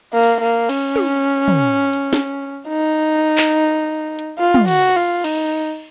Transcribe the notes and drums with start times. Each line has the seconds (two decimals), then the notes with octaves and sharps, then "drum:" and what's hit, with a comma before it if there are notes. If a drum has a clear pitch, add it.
0.13 A#3
0.23 drum: cymbal
0.41 A#3
0.69 C#4, drum: cymbal
0.96 drum: tom
1.48 drum: tom
1.93 drum: hi-hat
2.13 drum: snare
2.68 D#4
3.38 drum: clap
4.19 drum: hi-hat
4.39 F4
4.54 drum: tom
4.68 F#4, drum: cymbal
4.96 F4
5.24 D#4, drum: cymbal